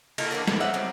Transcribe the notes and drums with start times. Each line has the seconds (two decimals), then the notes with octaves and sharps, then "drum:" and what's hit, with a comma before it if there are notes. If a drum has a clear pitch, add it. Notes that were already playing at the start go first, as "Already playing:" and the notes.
0.18 A#3 D#4 F4 A4, drum: cymbal
0.31 E3 F3 A#3 D4
0.48 D3 B3, drum: snare
0.60 C5 D#5 E5 F#5
0.74 F#3 G3 C4